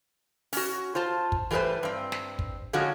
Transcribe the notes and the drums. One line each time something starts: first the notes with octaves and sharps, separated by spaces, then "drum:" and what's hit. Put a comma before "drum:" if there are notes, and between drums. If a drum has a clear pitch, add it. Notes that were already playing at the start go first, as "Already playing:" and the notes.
C#4 F#4, drum: open hi-hat
F4 C5 A5
drum: kick
E3 G3 A3 A4 B4 C5
G2 C4
drum: snare
drum: kick
D3 F3 G#3 C#4 F#4